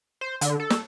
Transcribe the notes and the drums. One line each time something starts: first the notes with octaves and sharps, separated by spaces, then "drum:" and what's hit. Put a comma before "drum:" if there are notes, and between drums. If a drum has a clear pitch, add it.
C5
D3, drum: hi-hat
A4
drum: snare